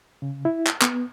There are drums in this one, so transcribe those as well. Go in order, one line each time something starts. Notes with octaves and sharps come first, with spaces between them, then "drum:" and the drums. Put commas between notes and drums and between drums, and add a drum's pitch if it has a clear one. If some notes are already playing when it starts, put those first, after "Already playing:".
C#3
E4
drum: clap
B3, drum: clap